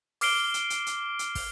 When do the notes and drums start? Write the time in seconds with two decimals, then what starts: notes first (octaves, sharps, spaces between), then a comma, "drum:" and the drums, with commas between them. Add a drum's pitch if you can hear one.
0.21 D6 F6 C7 D7 G7, drum: open hi-hat
0.54 drum: hi-hat
0.70 drum: hi-hat
0.86 drum: hi-hat
1.19 drum: hi-hat
1.35 drum: kick, open hi-hat